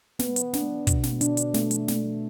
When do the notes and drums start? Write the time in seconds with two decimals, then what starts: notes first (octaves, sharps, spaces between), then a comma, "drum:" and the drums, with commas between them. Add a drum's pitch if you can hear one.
0.19 B3, drum: snare
0.36 drum: hi-hat
0.53 D4, drum: snare
0.87 B2, drum: kick, hi-hat
1.03 drum: snare
1.21 D4, drum: hi-hat
1.37 drum: hi-hat
1.54 A3, drum: snare
1.71 drum: hi-hat
1.88 A3, drum: snare